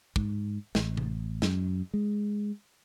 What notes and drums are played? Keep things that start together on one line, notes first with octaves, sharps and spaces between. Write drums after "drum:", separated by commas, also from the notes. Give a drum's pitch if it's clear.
G#2, drum: kick
A1, drum: snare
drum: tom C3
F#2, drum: snare
G#3